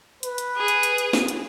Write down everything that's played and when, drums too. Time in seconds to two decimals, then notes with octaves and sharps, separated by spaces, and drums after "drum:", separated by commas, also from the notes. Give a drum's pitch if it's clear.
0.23 B4, drum: hi-hat
0.38 drum: hi-hat
0.59 G#4
0.68 drum: hi-hat
0.83 drum: hi-hat
0.98 drum: hi-hat
1.13 drum: snare
1.28 drum: hi-hat